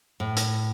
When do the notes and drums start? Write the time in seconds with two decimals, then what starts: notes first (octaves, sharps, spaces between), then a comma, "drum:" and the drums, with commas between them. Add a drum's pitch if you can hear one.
0.20 A2
0.37 drum: hi-hat